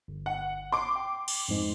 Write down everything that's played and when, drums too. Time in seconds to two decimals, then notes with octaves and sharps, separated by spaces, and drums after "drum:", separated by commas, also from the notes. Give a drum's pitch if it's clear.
0.08 G1
0.26 F#5
0.72 C6 D6
0.96 G5
1.28 drum: cymbal
1.48 F2 G#2